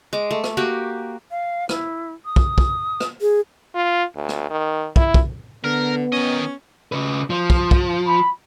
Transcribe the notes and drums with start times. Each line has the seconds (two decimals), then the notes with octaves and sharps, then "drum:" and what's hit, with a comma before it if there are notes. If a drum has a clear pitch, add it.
0.13 G#3 D6
0.31 A3
0.44 drum: rim click
0.57 A#3 F#4 G4
1.31 F5
1.69 E4, drum: rim click
2.25 D#6
2.36 drum: kick
2.58 drum: kick
3.00 drum: rim click
3.21 G#4
3.75 F4
4.15 D2
4.29 drum: rim click
4.50 D#3
4.96 E4, drum: kick
5.14 drum: kick
5.64 D3 B3 A#4
6.12 D#3 C#4 D#5
6.92 C#3 B4
7.30 F3
7.50 drum: kick
7.71 drum: kick
8.07 B5